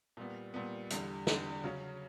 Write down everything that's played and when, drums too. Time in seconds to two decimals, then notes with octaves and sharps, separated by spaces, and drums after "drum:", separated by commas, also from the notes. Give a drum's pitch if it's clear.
0.17 A#2 G3 B3
0.54 A#2 G3 B3
0.90 E2 D3 G3, drum: hi-hat
1.27 E2 D3 G3, drum: snare
1.64 C#3 F#3 C#4